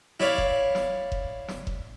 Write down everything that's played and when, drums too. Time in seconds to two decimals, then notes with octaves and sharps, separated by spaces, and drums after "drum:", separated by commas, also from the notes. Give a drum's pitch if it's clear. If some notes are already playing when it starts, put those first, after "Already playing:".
0.20 E4 C#5 D5 F5, drum: snare
0.38 drum: kick F1
0.75 drum: snare
1.12 drum: kick F1
1.48 drum: snare
1.67 drum: kick F1